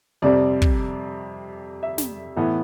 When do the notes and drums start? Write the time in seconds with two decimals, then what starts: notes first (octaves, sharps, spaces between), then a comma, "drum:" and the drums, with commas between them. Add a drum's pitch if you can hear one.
0.22 F2 C3 G3 C4 D5
0.62 drum: kick
1.83 E5
1.98 drum: snare
2.36 A2 E3 B3